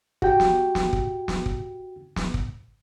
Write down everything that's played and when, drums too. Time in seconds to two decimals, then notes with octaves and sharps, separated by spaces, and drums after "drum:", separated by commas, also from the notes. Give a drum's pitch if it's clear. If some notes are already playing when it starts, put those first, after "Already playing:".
0.22 F#4 G4 G5, drum: kick
0.40 drum: snare
0.75 drum: snare
0.93 drum: kick
1.28 drum: snare
1.46 drum: kick
2.16 drum: snare
2.34 drum: kick